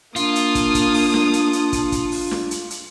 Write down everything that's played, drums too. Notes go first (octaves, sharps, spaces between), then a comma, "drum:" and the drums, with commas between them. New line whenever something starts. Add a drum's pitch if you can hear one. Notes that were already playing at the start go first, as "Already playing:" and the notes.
A#3 D4 F4 D#6, drum: hi-hat
drum: hi-hat
drum: kick, hi-hat
drum: kick, hi-hat
drum: open hi-hat
drum: snare
drum: hi-hat
drum: hi-hat
drum: kick, hi-hat
drum: kick, hi-hat
drum: open hi-hat
drum: snare
drum: hi-hat
drum: hi-hat